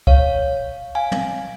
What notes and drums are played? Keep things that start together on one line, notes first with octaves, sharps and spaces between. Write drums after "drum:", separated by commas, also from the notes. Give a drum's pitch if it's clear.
C#5 F5, drum: kick
F5 G#5
drum: tom